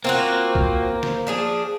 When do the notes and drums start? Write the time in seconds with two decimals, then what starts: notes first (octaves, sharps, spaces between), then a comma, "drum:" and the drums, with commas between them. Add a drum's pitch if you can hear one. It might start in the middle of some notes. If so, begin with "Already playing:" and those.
0.04 A#3 C4 F4 F#4 C5
0.55 drum: kick B1
1.03 drum: snare
1.27 F3 D4 G#4